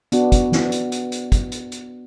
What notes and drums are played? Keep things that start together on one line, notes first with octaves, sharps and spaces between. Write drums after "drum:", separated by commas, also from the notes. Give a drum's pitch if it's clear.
B3 D4 F#4, drum: hi-hat
drum: kick, hi-hat
drum: snare
drum: hi-hat
drum: hi-hat
drum: hi-hat
drum: kick, hi-hat
drum: hi-hat
drum: hi-hat